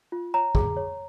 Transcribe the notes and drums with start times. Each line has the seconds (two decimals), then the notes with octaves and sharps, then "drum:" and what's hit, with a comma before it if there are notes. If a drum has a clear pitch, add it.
0.12 F4
0.34 C#5 A#5
0.55 G#4, drum: kick
0.76 C#5